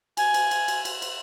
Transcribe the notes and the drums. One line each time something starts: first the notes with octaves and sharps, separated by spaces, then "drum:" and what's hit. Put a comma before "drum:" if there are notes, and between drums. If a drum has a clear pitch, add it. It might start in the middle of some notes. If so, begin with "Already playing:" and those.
G#5, drum: cymbal
drum: cymbal
drum: cymbal
drum: cymbal
drum: cymbal
drum: cymbal